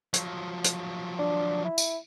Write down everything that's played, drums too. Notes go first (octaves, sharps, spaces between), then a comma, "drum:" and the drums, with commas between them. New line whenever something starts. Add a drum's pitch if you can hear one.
F3 F#3, drum: hi-hat
drum: hi-hat
D4
E4
drum: tambourine